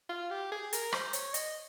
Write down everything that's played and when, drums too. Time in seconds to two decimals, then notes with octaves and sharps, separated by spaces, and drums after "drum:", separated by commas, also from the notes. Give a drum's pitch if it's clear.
0.09 F4
0.31 G4
0.52 G#4
0.73 A#4, drum: hi-hat
0.93 C5, drum: rim click
1.13 C#5, drum: hi-hat
1.34 D#5, drum: hi-hat